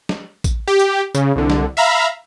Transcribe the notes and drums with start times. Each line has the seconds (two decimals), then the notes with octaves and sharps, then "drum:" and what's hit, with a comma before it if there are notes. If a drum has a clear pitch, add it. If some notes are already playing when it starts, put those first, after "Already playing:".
0.09 drum: snare
0.44 drum: kick A1, tambourine
0.68 G4
0.79 drum: tambourine
1.15 C#3, drum: tambourine
1.36 C2 D3
1.50 drum: snare
1.77 E5 F5 A#5 B5